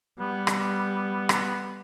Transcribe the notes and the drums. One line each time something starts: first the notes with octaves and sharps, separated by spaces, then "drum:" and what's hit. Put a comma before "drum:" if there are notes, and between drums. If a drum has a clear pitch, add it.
G3 B3
drum: rim click
drum: rim click